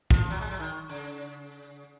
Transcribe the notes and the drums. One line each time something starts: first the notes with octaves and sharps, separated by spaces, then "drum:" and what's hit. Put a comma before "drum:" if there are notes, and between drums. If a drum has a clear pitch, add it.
F3, drum: kick B1
F#3
G#3
F#3
D#3
C#3